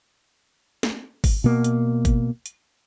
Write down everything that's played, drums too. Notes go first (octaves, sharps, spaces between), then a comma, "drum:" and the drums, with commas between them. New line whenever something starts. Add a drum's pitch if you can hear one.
drum: snare
drum: kick G1, open hi-hat
B2 A#3
drum: hi-hat
drum: kick G1, hi-hat
drum: hi-hat